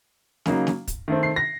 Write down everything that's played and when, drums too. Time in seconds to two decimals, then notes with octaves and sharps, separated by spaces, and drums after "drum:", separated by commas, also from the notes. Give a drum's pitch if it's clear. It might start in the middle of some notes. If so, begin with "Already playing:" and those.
0.46 C#3 F#3 A#3 D#4, drum: snare
0.67 drum: snare
0.88 drum: kick, hi-hat
1.08 D#3 A3 C4
1.23 C7
1.36 A#6